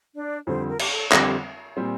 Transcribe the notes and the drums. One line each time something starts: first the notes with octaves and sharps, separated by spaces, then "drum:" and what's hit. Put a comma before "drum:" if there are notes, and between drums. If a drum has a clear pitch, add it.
D4 D5
F2 D3 G3 C4 C5
A#4
G4, drum: cymbal
A4
F2 D3 G3 C4 G4, drum: clap
A#2 G3 C4